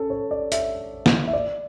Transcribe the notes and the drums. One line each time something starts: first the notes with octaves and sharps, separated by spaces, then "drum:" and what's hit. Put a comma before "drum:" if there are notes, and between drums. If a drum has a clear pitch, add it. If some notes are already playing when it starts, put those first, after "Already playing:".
Already playing: C#4 A4
C#5
D5
E5, drum: hi-hat
drum: snare
E5
D5